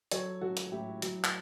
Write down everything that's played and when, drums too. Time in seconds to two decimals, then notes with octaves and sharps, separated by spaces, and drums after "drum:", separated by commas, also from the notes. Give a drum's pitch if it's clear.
0.11 F#3 A4 C#5, drum: hi-hat
0.41 F#3 F#4 A4
0.57 drum: hi-hat
0.72 A2 E4 G4
1.02 F#3, drum: hi-hat
1.24 drum: clap